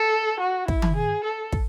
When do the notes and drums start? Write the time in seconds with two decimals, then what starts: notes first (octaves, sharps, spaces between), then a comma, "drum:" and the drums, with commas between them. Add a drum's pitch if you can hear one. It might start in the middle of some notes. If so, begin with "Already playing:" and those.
Already playing: A4
0.40 F#4
0.68 E4, drum: kick
0.82 drum: tom D#3
0.96 G#4
1.24 A4
1.52 drum: kick